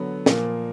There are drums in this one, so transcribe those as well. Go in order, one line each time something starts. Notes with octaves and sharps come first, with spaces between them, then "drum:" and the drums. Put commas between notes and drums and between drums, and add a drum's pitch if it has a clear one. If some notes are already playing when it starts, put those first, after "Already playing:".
Already playing: D3 F#3 B3
A#2 F3 A#3, drum: snare